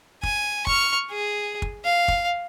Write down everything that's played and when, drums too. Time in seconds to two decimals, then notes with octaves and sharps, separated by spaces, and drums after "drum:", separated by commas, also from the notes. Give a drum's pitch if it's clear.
0.23 G#5, drum: kick
0.67 C#6 F6, drum: kick
1.10 G#4
1.62 drum: kick
1.85 F5
2.08 drum: kick